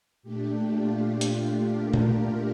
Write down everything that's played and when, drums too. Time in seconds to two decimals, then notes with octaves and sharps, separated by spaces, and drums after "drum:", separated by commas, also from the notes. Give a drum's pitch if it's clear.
0.23 A#2 A3 D4 G4
0.73 F4
1.21 drum: hi-hat
1.74 A#4
1.94 drum: tom A#2